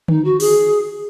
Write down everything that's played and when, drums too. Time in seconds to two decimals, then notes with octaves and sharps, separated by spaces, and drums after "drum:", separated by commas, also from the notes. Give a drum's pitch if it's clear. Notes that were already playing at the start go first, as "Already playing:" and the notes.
0.08 D#4, drum: tom D3
0.24 F#4
0.40 G#4, drum: open hi-hat